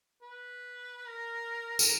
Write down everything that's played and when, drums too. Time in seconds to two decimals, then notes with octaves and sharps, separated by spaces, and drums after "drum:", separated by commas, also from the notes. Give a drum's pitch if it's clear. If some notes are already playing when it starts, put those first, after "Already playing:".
0.22 B4
1.07 A#4
1.79 drum: tambourine